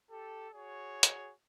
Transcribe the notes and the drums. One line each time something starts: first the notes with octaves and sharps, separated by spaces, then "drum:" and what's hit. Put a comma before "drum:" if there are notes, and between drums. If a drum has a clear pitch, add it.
G4 A4
F#4 G#4 C#5
drum: hi-hat